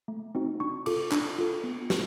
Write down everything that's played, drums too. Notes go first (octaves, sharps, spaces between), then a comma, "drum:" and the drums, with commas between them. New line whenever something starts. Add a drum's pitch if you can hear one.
A3
C4 D#4 F#4
D4 C#6
F4 A4 D6, drum: cymbal
D4, drum: clap
F4 A4
B3
F#4, drum: snare